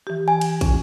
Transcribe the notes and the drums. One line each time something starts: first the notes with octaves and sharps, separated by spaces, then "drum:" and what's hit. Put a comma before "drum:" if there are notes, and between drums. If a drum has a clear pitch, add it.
E3 G4
G#5
drum: cymbal
F2 C#4, drum: kick, cymbal